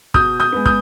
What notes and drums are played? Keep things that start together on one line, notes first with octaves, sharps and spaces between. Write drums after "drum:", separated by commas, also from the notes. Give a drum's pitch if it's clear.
B2 D#6 G6, drum: kick
D#6 G6
G#3 B3
D#6 G6, drum: kick